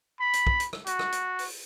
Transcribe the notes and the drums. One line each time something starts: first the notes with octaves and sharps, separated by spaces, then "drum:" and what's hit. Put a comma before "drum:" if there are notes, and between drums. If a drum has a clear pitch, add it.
B5
drum: hi-hat
drum: kick
drum: hi-hat
drum: rim click
F#4, drum: hi-hat
drum: rim click
drum: hi-hat
drum: open hi-hat